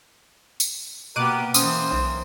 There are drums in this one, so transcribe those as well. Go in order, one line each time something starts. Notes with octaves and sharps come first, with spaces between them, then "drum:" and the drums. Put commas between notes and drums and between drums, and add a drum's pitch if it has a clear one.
drum: tambourine
B2 A#3 B3 G4 A#4 D6 F#6 D#7
E3 A#3 C#4 C5 D#6, drum: tambourine
B1